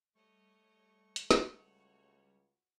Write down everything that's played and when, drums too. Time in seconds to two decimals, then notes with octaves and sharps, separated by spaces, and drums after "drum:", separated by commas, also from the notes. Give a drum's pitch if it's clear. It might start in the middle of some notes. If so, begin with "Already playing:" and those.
0.15 G3 A3 C#5 D#5 C#6
1.16 drum: hi-hat
1.31 drum: snare
1.46 C#2 F#4 C#5